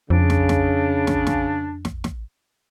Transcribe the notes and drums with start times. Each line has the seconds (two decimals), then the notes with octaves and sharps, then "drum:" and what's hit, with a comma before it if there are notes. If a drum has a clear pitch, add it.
0.10 F2 C#3 D4
0.30 drum: snare
0.49 drum: snare
1.07 drum: snare
1.27 drum: snare
1.85 drum: snare
2.04 drum: snare